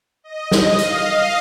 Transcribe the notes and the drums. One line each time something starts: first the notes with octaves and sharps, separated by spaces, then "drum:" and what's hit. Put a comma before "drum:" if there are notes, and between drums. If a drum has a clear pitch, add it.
D#5
drum: snare
F5, drum: hi-hat